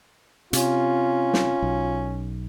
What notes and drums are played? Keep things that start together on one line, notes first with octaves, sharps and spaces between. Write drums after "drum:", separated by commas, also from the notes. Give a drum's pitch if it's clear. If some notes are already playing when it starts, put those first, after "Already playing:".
C3 C#4 F4, drum: hi-hat
drum: snare
B1